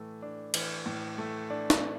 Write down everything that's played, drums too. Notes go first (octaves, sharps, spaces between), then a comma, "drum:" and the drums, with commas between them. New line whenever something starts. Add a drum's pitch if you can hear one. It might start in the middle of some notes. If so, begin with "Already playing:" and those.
Already playing: A2 E3 A3
D4
E3, drum: cymbal
A2
A3
D4
drum: snare